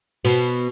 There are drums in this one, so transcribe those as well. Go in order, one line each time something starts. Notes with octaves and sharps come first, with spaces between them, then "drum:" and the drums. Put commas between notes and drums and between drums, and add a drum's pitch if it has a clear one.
B2, drum: cymbal